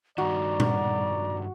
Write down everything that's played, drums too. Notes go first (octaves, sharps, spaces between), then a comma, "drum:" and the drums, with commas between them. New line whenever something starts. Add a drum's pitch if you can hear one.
G2 D#3 F#4 D5 A#5
drum: tom A#2